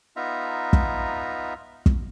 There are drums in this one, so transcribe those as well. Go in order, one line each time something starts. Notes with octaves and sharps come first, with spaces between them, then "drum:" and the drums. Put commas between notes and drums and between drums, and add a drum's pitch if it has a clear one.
B3 D#4 F4 E5 A#5
drum: kick
drum: kick